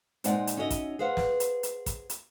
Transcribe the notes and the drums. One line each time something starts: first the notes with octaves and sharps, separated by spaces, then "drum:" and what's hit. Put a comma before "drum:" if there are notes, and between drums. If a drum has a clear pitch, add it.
A#2 G#3 D#4 C5 D5 F#5, drum: hi-hat
drum: hi-hat
C#4 D#4 F#4 C#5 D#5 E5
drum: kick, hi-hat
G#4 B4 C5 F5 F#5
drum: snare
drum: hi-hat
drum: hi-hat
drum: kick, hi-hat
drum: hi-hat